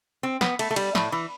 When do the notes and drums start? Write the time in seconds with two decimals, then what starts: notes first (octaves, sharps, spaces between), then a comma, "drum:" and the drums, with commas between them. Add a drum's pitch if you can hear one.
0.23 C4
0.41 B3, drum: snare
0.59 A3, drum: cymbal
0.71 A3
0.76 G3, drum: cymbal
0.95 A2, drum: snare
1.12 E3